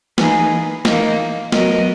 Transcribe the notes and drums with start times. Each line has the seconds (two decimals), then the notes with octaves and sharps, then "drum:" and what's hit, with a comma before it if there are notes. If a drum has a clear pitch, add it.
0.18 E3 A#3 D#4 G#4 B4, drum: snare
0.85 E3 A#3 D#4, drum: snare
1.52 F#3 B3 F#4 A#4 D#5, drum: snare